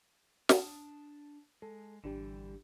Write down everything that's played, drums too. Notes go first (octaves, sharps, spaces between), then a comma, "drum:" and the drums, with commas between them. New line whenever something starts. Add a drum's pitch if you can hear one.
D4 A5 D#6, drum: snare
G#3 A4
G#1 D3 E3 G3 D4 G4